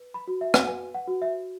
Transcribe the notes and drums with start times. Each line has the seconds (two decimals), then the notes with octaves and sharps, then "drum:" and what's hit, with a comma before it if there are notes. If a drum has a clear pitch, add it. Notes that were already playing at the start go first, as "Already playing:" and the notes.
Already playing: B4
0.14 B5
0.28 F#4
0.41 E5
0.54 F#5, drum: rim click
0.67 B4 G#5
0.95 F#5
1.08 F#4
1.22 E5